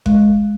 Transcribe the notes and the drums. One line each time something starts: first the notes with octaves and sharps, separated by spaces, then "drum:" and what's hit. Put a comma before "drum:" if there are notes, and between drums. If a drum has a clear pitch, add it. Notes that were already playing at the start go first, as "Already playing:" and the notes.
G#3, drum: kick G1